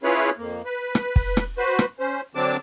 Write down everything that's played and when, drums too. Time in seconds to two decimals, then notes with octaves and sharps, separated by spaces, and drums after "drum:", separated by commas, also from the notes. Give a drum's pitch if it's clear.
0.03 C#4 E4 F4 G#4 B4 C#5
0.38 F2 A#3
0.65 B4
0.95 drum: rim click
1.16 drum: kick
1.37 drum: rim click
1.58 F#4 B4 C5
1.79 drum: rim click
1.99 C#4 C5
2.35 D3 F#3 C4 D4 A5 D6